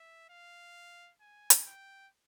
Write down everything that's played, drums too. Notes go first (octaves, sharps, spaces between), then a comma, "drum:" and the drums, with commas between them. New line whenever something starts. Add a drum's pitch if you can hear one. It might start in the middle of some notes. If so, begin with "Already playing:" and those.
Already playing: E5
F5
G#5
drum: hi-hat
G5